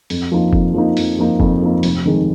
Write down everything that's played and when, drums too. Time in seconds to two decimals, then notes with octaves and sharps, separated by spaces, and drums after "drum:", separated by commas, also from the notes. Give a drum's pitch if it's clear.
0.10 F2, drum: open hi-hat
0.32 F3 A#3 D#4
0.53 F2, drum: kick
0.74 F3 A#3 D#4
0.97 F2, drum: open hi-hat
1.19 F3 A#3 D#4
1.40 F2, drum: kick
1.62 F3 A#3 D#4
1.83 F1, drum: open hi-hat
2.05 F2 D#3 G#3